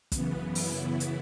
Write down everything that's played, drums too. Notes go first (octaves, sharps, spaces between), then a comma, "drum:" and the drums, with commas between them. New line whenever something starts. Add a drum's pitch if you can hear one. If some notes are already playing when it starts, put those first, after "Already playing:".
F#2 C#3 E3 B3, drum: kick, hi-hat
E4, drum: open hi-hat
drum: hi-hat